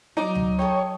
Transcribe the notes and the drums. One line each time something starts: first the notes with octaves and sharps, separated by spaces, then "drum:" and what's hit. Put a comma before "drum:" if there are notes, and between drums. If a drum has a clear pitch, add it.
F#3 D#4 D5 A#5 D6
drum: tom D2
A4 C#5 D#5 G5